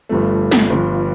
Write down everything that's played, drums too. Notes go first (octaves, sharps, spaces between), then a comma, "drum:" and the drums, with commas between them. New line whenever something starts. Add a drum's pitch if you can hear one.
G1 G2 F3 A3
drum: snare
G1 G2 F3